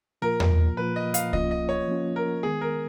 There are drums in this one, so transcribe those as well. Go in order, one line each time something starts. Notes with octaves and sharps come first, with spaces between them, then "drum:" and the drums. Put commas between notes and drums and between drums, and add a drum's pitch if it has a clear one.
A#2 F3 A#3 F4 A#4
drum: tom E2
A#2 F3 A#3 F4 B4
D#5
F5, drum: hi-hat
F3 A#3 C#4 F4 D#5, drum: kick C2
D#5
C#5
F3 A#3 C#4 F4
A#4
D#3 G#3 B3 G#4
A#4